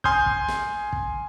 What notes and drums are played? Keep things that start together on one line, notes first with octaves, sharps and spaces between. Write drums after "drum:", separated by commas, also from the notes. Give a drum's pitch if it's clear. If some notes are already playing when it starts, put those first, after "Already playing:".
G#5 C6 D#6 F6 G6, drum: kick
drum: kick
drum: snare
drum: kick